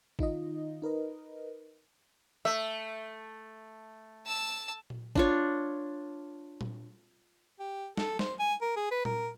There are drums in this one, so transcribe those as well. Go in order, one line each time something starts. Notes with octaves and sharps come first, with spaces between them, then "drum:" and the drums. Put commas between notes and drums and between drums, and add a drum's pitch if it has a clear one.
D#3 D#4 F4 D#5, drum: kick G#1
D#4 A#4 B4 D#5
A3 E5
A5 E6
drum: tom A#2
D4 F4 C#5, drum: kick G#1
drum: tom A#2
G4
A4, drum: snare
C5, drum: snare
G#5
A#4
G#4
B4
A#4, drum: tom A#2